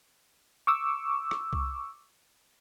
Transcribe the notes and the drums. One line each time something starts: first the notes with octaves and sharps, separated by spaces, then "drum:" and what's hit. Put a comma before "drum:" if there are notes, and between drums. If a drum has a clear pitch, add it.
C#6 D6 E6
drum: rim click
drum: kick C2